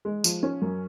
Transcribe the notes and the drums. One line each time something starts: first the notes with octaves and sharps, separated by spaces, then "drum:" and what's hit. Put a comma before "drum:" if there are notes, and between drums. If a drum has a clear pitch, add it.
G#3
F3, drum: tambourine
C#4
F#2